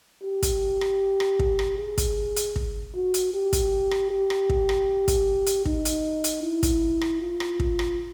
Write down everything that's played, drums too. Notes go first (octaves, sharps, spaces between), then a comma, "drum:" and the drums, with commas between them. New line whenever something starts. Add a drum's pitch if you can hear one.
G4
drum: kick, hi-hat
drum: rim click
drum: rim click
drum: kick
drum: rim click
G#4
drum: kick, hi-hat
drum: hi-hat
drum: kick
F#4
drum: hi-hat
G4
drum: kick, hi-hat
drum: rim click
G4
drum: rim click
drum: kick
drum: rim click
drum: kick, hi-hat
drum: hi-hat
D#4, drum: kick
drum: hi-hat
drum: hi-hat
E4
drum: kick, hi-hat
drum: rim click
F4
drum: rim click
drum: kick
drum: rim click